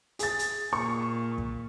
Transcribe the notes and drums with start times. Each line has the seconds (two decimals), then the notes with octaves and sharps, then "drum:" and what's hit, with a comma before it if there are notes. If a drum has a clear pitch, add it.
0.19 G#4 A6, drum: hi-hat
0.39 drum: hi-hat
0.73 A#2 C#6
1.38 drum: kick